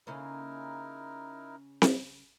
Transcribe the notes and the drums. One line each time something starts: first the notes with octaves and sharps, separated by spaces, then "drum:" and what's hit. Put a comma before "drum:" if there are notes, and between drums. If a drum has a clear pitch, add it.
C#3 A#3 C#4 D#4 E4 A#4
drum: snare C4